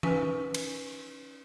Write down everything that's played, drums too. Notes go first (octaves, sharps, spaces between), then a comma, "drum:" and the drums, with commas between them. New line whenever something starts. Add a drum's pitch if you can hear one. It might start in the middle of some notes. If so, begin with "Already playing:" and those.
C#4 D#4 B4 G#5, drum: tom E3
drum: cymbal